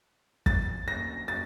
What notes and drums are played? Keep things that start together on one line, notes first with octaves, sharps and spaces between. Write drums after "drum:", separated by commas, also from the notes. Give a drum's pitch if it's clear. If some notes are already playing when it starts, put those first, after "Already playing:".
A6, drum: kick
A#6
A6